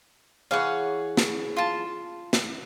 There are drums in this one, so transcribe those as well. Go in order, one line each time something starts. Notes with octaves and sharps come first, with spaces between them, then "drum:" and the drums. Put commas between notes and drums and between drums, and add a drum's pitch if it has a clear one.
E3 G#4 C#5 F5 F#5
drum: snare
F4 A5
drum: snare